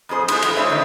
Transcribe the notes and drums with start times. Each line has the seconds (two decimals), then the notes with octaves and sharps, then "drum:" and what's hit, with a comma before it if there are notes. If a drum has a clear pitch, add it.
0.09 F2 A2 G#4 C5
0.28 G#3 E4 G#4 C5, drum: cymbal
0.42 A2 E3 A3, drum: cymbal
0.57 A3 C#4 D#4 C5 C#5 E5
0.70 D3 D#3